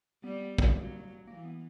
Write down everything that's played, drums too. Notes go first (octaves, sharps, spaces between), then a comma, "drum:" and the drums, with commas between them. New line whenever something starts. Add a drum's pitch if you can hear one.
G3 B3
B3
A#3, drum: kick
F#3
E3 A#3
B3